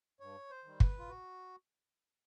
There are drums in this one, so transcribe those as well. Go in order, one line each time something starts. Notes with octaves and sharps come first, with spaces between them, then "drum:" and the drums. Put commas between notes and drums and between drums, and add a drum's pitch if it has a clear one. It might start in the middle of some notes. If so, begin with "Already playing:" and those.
G2 C#5
C5
D#3 G3
B4, drum: kick
F4
F#4